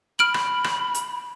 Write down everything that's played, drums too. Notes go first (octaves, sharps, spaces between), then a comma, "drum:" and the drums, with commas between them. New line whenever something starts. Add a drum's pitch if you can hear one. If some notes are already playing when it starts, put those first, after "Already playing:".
B5 F6 D7 F#7
drum: rim click
drum: rim click
drum: hi-hat